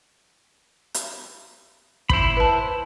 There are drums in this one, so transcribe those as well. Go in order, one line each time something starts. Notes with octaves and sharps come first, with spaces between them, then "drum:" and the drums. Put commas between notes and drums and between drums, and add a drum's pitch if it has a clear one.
drum: hi-hat
E4 C5 B5, drum: kick
B4 A5